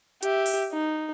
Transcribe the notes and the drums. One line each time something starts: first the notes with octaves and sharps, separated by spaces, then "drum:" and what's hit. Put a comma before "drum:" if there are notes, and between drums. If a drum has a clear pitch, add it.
G4 E5, drum: hi-hat
drum: open hi-hat
D#4